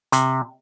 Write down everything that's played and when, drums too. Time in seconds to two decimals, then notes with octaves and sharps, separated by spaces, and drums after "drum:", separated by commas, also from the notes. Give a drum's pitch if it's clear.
0.12 C3, drum: hi-hat